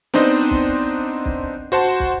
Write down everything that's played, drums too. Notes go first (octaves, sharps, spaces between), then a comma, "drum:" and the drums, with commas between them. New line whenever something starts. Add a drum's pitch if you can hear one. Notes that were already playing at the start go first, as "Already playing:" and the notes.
B3 C4 D4 D#4 C5 D#5, drum: snare
drum: kick
drum: kick
F#4 C5 F#5 A5
drum: kick